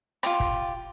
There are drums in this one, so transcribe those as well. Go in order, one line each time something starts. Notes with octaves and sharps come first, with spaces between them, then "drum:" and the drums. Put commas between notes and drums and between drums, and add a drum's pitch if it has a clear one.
F4 G4, drum: rim click
drum: kick